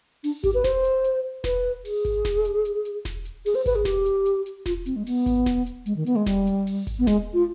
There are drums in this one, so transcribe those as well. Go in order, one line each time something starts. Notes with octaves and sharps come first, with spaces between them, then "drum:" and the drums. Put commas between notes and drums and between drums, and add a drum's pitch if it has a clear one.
D4, drum: open hi-hat
G4, drum: kick G#1, hi-hat
B4
C5, drum: snare E1
drum: hi-hat
drum: hi-hat
B4, drum: snare E1
G#4, drum: open hi-hat
drum: kick G#1, hi-hat
drum: snare E1
drum: hi-hat
drum: hi-hat
drum: hi-hat
drum: snare E1
drum: hi-hat
G#4, drum: open hi-hat
C5
B4, drum: kick G#1, hi-hat
G#4
G4, drum: snare E1
drum: hi-hat
drum: hi-hat
drum: hi-hat
F4, drum: snare E1
C4, drum: hi-hat
G#3
B3, drum: open hi-hat
drum: kick G#1, hi-hat
drum: snare E1
drum: hi-hat
G#3, drum: hi-hat
D#3
B3, drum: hi-hat
G#3
G3, drum: snare E1
drum: hi-hat
drum: open hi-hat
drum: kick G#1, hi-hat
B3
G#3, drum: snare E1
F4